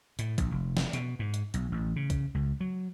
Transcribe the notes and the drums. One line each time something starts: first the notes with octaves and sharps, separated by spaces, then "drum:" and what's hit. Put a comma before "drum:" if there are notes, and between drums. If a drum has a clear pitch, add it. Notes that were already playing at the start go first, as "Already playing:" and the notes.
A2, drum: hi-hat
A#1, drum: kick, hi-hat
F1
drum: snare
B2, drum: hi-hat
G#2
drum: hi-hat
B1, drum: hi-hat
A1
C#3
drum: kick, hi-hat
C#2
F#3